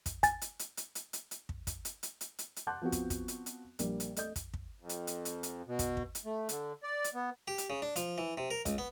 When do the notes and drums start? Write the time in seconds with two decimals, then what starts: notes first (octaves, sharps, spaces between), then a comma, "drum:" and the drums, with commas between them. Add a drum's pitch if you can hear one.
0.06 drum: kick, hi-hat
0.23 G#5 A6, drum: kick, hi-hat
0.41 drum: hi-hat
0.59 drum: hi-hat
0.77 drum: hi-hat
0.95 drum: hi-hat
1.13 drum: hi-hat
1.31 drum: hi-hat
1.49 drum: kick
1.67 drum: kick, hi-hat
1.85 drum: hi-hat
2.03 drum: hi-hat
2.21 drum: hi-hat
2.39 drum: hi-hat
2.56 drum: hi-hat
2.67 F#5 A5 C6 D6 F#6 G6
2.82 F3 B3 C4 F#4
2.92 drum: kick, hi-hat
3.10 drum: kick, hi-hat
3.28 drum: hi-hat
3.46 drum: hi-hat
3.79 A#1 G3 A#3, drum: hi-hat
4.00 drum: hi-hat
4.16 A3 D#5 G6, drum: hi-hat
4.36 drum: kick, hi-hat
4.54 drum: kick
4.80 F2
4.89 drum: hi-hat
5.07 drum: hi-hat
5.25 drum: hi-hat
5.43 drum: hi-hat
5.67 B2
5.79 drum: kick, hi-hat
5.97 drum: kick
6.15 drum: hi-hat
6.25 A3
6.49 D3, drum: hi-hat
6.83 D5
7.04 drum: hi-hat
7.14 B3
7.48 G4
7.58 drum: hi-hat
7.70 C#3
7.82 D4
7.96 F3, drum: hi-hat
8.18 E3
8.38 C3
8.51 A#4
8.66 C#2, drum: kick, hi-hat
8.78 B3